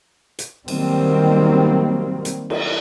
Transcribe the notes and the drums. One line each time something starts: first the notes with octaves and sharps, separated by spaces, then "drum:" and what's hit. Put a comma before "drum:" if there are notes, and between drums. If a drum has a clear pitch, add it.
drum: hi-hat
D#3 F#3 G3 A#3 C4, drum: cymbal
drum: hi-hat
drum: cymbal